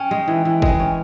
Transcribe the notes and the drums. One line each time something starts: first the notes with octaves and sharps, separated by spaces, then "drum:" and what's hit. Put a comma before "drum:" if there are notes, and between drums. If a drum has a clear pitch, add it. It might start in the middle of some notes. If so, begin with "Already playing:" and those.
Already playing: C#4 G5
G#3
E3
E3
G#3, drum: kick
C#4